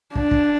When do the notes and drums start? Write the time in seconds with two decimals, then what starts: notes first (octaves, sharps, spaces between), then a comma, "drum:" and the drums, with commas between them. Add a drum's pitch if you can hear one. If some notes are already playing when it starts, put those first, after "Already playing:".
0.15 D4, drum: kick
0.31 drum: kick